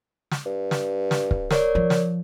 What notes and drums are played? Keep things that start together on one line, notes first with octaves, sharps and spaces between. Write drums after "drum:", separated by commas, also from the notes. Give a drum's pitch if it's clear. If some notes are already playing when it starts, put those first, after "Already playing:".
drum: snare
G2
drum: snare
drum: snare
drum: kick
A#4 C#5 D5, drum: snare
F3
drum: snare